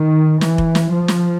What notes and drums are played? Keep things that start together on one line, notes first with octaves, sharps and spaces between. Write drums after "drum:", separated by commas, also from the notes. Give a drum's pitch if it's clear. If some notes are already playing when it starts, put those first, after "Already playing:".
Already playing: D#3
E3, drum: snare
drum: kick F1
drum: snare
F3
drum: snare